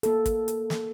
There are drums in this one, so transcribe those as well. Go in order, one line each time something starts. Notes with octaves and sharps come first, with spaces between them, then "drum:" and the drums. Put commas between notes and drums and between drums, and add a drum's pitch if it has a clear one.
A#3 A4, drum: hi-hat
drum: kick, hi-hat
drum: hi-hat
drum: snare